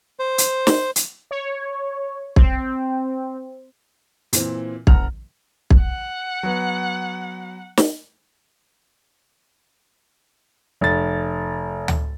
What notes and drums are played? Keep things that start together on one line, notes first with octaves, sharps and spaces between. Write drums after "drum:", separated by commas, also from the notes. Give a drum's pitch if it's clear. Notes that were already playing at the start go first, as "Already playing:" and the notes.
C5
drum: hi-hat
drum: snare
drum: hi-hat
C#5
C4, drum: kick
A#2 E3 C4, drum: hi-hat
F#1 F#5 A#5 F6 F7, drum: kick
drum: kick
F#5
F#3 B3
drum: snare
F1 A6
drum: tom D2